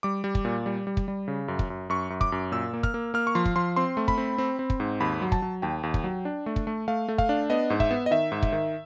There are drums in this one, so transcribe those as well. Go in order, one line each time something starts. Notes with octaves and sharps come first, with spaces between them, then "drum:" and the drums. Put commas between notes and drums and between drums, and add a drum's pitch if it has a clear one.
G3 D6
G3
drum: kick
A#2
G3
G3
drum: kick
G3
C#3
F#2
drum: kick
F#2
F#2 C#6
F#2
D6, drum: kick
F#2
A#2 E6
A#3
F6, drum: kick
A#3
A#3 F6
C#6
F3 C6
drum: kick
F3 C6
C4 C6
A3
B5, drum: kick
C4
C4
C4
drum: kick
G#2
D#2 B5
F#3
A5, drum: kick
F#3
D#2 G5
D#2
drum: kick
F#3
D4
A3
drum: kick
A3
A3 F5
A3
F5, drum: kick
D4
B3 D#5
G#2
E5, drum: kick
B3
D#5
D#3 E5
G#2
drum: kick
D#3